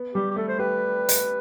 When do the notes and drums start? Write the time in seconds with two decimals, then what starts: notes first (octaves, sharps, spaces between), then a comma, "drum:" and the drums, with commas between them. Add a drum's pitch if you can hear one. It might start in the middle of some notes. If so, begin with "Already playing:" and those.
Already playing: B3
0.14 G3 G4
0.31 G4
0.36 A3 A4
0.49 C5
0.59 G4 B4
1.09 drum: hi-hat